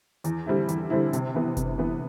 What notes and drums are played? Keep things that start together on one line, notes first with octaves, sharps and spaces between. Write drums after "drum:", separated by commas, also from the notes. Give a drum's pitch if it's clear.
E2, drum: hi-hat
D3 G3 C4 E4
E2, drum: hi-hat
D3 G3 C4 E4
C3, drum: hi-hat
E3 B3
C3, drum: kick F#1, hi-hat
E3 B3